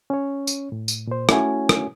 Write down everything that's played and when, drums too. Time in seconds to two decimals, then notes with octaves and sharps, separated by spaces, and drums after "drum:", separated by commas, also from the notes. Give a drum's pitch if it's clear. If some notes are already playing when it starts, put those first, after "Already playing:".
0.10 C#4 C#5
0.47 drum: tambourine
0.72 A2
0.88 drum: tambourine
1.07 A#2 C5
1.29 A3 C#4 E4 F#4 C#5 G#5, drum: rim click
1.69 drum: rim click